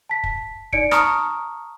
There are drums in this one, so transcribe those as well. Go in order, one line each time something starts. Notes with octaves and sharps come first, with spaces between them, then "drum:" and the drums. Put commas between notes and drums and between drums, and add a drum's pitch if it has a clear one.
A5 B6
drum: kick
D#4 D5 C#7 D7, drum: kick
A5 A#5 C#6 D#6 F6, drum: rim click